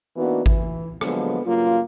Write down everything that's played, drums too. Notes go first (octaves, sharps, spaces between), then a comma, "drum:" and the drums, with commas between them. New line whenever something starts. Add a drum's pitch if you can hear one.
E3 A#3 B3 D4 D#4 F#4
E3, drum: kick G#1
D3 F3 F#3 G#3 A#3 B3, drum: rim click
G2 C#3 F#3 A#3 F4